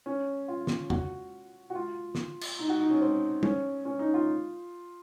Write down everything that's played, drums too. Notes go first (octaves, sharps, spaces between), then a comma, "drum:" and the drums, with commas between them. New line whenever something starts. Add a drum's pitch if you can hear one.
C#4
F4
drum: snare
F#4, drum: tom
F#4
F4
drum: snare
drum: cymbal
D#4
F#4
D#4
C#4
C4
C#4, drum: tom
C#4
D#4
F4